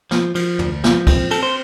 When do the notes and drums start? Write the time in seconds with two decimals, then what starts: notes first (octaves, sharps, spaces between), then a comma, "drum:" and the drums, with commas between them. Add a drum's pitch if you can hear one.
0.11 F3, drum: snare
0.35 F3, drum: cymbal
0.59 D2, drum: tom
0.84 F3, drum: snare
1.07 C4, drum: kick, cymbal
1.31 C4 A4, drum: cymbal
1.43 C5